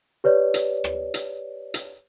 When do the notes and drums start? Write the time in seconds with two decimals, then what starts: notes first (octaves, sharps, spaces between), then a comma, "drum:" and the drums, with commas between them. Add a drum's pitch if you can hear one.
0.24 G4 B4 C#5 D5
0.54 drum: hi-hat
0.84 drum: rim click
1.14 drum: hi-hat
1.74 drum: hi-hat